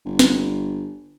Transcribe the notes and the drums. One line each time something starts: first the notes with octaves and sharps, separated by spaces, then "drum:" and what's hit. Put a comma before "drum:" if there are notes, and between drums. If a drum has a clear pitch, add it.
G1
drum: snare